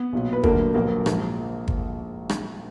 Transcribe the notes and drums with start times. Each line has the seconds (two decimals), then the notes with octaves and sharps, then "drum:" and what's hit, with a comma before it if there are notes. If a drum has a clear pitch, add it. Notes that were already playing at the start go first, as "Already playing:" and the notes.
Already playing: B3 B4
0.13 B1 A#2 F#3
0.33 B4
0.43 D2 D3 F#3 A#3 A#4, drum: kick
0.74 A#1 A#2 F#3 A#3 A#4
1.06 A#1 G#2 F3, drum: rim click
1.68 drum: kick
2.29 drum: rim click